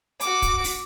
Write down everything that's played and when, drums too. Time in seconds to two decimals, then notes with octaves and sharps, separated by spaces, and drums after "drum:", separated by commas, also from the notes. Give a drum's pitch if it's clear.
0.21 F#4 D6, drum: hi-hat
0.42 drum: kick, hi-hat
0.64 drum: open hi-hat